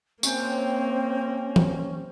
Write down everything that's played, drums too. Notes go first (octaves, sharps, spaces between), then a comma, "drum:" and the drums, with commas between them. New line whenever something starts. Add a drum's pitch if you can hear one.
C3 A#3 C4 C#4 G5, drum: tambourine
drum: tom E3